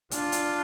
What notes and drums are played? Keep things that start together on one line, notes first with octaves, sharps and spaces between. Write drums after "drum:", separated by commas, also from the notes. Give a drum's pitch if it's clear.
D4 F4, drum: hi-hat
drum: hi-hat